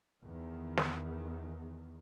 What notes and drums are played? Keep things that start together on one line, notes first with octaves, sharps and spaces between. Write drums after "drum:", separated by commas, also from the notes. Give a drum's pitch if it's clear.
E2 D#3
drum: snare